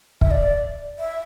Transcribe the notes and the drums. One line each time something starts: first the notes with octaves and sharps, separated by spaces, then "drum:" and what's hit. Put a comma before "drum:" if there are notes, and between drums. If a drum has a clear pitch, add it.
E5, drum: kick
D5
E5